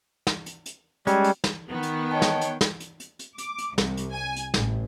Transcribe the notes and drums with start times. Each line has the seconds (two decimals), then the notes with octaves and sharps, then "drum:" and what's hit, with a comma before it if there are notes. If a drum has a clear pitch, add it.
0.27 drum: snare
0.46 drum: hi-hat
0.66 drum: hi-hat
1.07 G3 G#3 C#4, drum: hi-hat
1.24 drum: hi-hat
1.44 drum: snare
1.71 D#3 B3
1.83 drum: hi-hat
2.11 C#5 D#5 G5 A5
2.22 drum: snare
2.41 drum: hi-hat
2.61 drum: snare
2.80 drum: hi-hat
3.00 drum: hi-hat
3.19 drum: hi-hat
3.38 D6, drum: hi-hat
3.58 drum: hi-hat
3.78 C2, drum: snare
3.97 drum: hi-hat
4.12 G#5
4.36 drum: hi-hat
4.54 A1, drum: snare